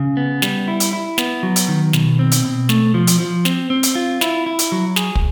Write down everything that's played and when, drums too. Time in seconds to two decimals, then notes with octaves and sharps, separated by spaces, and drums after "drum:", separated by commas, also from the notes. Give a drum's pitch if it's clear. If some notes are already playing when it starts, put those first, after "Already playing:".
Already playing: C#3
0.17 B3
0.42 G3, drum: snare
0.68 E4
0.80 drum: hi-hat
0.93 E4
1.18 B3, drum: snare
1.43 F#3
1.56 drum: hi-hat
1.68 D#3
1.93 B2, drum: snare
2.19 C4
2.31 drum: hi-hat
2.45 B2
2.69 A3, drum: snare
2.94 F3
3.07 drum: hi-hat
3.20 F3
3.45 C4, drum: snare
3.70 C4
3.83 drum: hi-hat
3.95 F4
4.21 E4, drum: snare
4.46 E4
4.59 drum: hi-hat
4.72 F#3
4.96 G#4, drum: snare
5.15 drum: kick